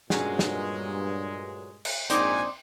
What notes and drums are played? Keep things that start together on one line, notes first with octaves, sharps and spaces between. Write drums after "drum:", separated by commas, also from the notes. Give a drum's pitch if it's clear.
G2 A#2 F#3 G#3 C#4 G#4, drum: snare
drum: snare
drum: cymbal
A#1 G#2 C4 D#4 D5 G#5, drum: hi-hat